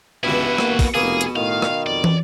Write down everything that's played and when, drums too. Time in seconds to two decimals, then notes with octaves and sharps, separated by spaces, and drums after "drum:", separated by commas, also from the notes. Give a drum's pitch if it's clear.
0.24 C#2 G2 B2 E3 E4 F#4
0.58 A#3, drum: rim click
0.79 drum: kick, open hi-hat
0.94 F1 B2 A#3 G#4 D#6
1.21 drum: hi-hat
1.36 A2 D#3 F5
1.62 drum: rim click
1.87 F2 D5
2.04 drum: tom